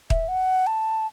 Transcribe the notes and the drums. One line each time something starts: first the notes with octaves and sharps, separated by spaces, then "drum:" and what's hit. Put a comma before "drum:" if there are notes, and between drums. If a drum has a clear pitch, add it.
E5, drum: kick D#1
F#5
A5